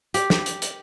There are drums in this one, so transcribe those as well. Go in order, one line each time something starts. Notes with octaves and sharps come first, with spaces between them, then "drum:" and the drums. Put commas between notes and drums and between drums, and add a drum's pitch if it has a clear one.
G4, drum: hi-hat
drum: snare
drum: hi-hat
drum: hi-hat